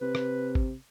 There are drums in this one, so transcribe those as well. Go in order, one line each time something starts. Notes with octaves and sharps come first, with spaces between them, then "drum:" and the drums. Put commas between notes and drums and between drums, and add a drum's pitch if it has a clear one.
C3 B4
drum: rim click
drum: kick G#1